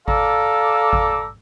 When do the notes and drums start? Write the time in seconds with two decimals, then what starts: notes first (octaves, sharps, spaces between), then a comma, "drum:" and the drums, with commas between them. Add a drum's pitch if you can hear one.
0.08 A4 D5 F5 A#5 D6 E6, drum: kick G#1
0.93 drum: kick G#1